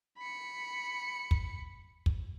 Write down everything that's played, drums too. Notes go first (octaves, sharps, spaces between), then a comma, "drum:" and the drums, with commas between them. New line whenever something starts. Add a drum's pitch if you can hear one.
B5 C#7
drum: kick
drum: kick